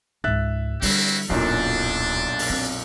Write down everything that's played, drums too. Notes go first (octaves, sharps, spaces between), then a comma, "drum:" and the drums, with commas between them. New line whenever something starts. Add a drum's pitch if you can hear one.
C#2 G#2 E5 F#6 A6
D3 G3 C4 E4 F#4, drum: open hi-hat
D1 B1 F#2 A#2 D4 E4
drum: open hi-hat
C4